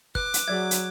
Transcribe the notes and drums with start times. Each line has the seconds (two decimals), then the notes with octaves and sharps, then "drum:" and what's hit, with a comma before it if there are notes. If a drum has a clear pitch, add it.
0.15 B4 D6 F#6, drum: kick
0.34 drum: hi-hat
0.48 F#3 G#4 D5 E5 G#6
0.71 drum: hi-hat